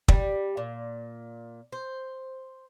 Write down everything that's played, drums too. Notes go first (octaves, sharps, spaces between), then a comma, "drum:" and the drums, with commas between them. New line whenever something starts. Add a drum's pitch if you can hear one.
G3, drum: kick
A#2
C5